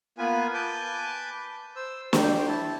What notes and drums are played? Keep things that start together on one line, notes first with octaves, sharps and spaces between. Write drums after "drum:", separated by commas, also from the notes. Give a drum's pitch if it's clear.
A#3 B3 F4 B4 G#5
B4 G#5 A5 D6 G6
C5 E6
G4 C5, drum: snare
E4 A5